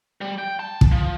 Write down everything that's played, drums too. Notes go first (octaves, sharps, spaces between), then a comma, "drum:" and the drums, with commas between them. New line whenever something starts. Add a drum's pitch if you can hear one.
G3
G5
A5
drum: kick
F3